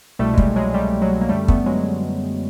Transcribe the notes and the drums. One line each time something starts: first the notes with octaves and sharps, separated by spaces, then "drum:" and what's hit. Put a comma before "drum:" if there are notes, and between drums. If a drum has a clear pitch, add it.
C2 B2 G3 A3
G#3
G3 A3, drum: kick
F#3 G#3
G3 A3
F#3 G#3
A#3
F#2 D3 G3 A3
A3 B3, drum: kick
A3
F#3 G#3